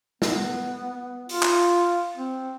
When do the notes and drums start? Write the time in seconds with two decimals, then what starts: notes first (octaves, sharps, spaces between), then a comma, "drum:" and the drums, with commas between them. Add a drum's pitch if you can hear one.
0.22 B3, drum: snare
1.29 F4, drum: open hi-hat
1.43 drum: clap
2.17 C4